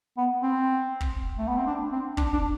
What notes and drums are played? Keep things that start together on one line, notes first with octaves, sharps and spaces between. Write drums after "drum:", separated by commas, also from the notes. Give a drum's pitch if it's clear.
B3
C4
drum: kick
A3
B3
C4
D4
C4
D4, drum: kick
D4